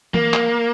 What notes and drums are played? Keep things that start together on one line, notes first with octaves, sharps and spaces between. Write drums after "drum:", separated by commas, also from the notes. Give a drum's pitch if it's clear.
A#3, drum: tom E3
drum: clap